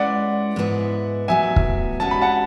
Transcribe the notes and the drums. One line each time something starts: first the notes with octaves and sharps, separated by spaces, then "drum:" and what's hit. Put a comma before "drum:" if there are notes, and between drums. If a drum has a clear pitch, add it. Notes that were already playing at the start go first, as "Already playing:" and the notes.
Already playing: G#3 C#4 E4 B4 D5 F#5
G#2 G#3 B3 E4 B4
A2 F#3 B3 E5 G#5
drum: kick
G#3 C#4 F#4 B4 A5
B5
F#5 A5